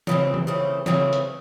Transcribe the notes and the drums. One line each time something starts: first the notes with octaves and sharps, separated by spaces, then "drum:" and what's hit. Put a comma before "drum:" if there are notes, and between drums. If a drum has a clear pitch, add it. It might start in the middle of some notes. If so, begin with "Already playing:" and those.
C#3 E3 A3 C4, drum: snare
drum: tom
C#3 E3 A3 C4
C#3 E3 A3 C4, drum: snare
drum: hi-hat